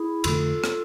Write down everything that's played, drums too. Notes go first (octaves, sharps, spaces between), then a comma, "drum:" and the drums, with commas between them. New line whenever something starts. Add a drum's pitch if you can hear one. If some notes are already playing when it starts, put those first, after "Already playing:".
Already playing: E4 G#4
F2 D3 A3 F4 A4, drum: cymbal
drum: rim click